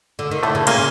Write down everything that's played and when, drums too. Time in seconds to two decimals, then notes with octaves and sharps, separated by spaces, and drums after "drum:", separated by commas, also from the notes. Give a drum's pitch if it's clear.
0.19 D3
0.31 D#3
0.43 A2 D3 A3
0.55 C#3
0.67 A#2 C#3 A#3, drum: cymbal